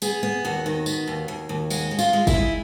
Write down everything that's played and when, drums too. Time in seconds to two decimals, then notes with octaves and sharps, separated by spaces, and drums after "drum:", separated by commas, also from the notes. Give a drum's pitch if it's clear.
0.02 B3 G#4, drum: tambourine
0.23 B3
0.45 D#2 F#4
0.66 D#3
0.86 B3, drum: tambourine
1.08 D#2
1.28 D#2
1.49 D#2
1.70 G#3 F#4, drum: tambourine
1.91 G#3
1.99 F4, drum: tambourine
2.13 G#3
2.27 E4, drum: kick, tambourine
2.34 G#3